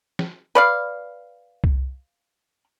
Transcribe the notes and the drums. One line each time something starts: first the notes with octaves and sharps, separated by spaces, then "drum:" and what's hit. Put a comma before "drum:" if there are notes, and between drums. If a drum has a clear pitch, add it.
drum: snare
B4 D5 F5
drum: kick C2